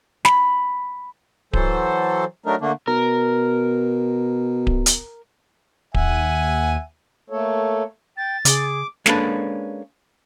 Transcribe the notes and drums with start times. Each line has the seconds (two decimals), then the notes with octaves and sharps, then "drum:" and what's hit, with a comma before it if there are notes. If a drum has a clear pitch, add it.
0.25 B5, drum: snare
1.53 E3 F#3 A4 C5, drum: kick D1
2.46 F#3 A3 D4 D#4 A#4
2.61 D3 A3 A#3 D4
2.88 B2 A#4
4.67 drum: kick D1
4.86 drum: hi-hat
5.94 D#2 E5 F#5 G#5 D#7, drum: kick D1
7.30 A3 A#3 A4 C#5
8.17 G5 A6
8.45 C#3 G#4 D6, drum: hi-hat
9.06 G#3 A#3 C#4 D4 A4 B4, drum: snare